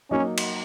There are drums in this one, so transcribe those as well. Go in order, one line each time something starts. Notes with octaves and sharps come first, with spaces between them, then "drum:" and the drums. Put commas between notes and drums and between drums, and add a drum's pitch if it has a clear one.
F#3 A#3 C#4 D#4
drum: cymbal